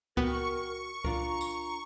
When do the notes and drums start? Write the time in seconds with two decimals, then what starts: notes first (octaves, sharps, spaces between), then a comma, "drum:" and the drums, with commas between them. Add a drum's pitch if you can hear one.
0.17 B3 F#4 A#4 G5 C#6, drum: kick C#2
1.04 D4 F4 A#4 A#5, drum: kick C#2
1.41 drum: tambourine